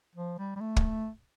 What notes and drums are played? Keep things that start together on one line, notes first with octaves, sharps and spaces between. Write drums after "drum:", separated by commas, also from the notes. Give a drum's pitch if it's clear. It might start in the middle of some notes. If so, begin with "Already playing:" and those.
F3
G3
G3
A3
drum: kick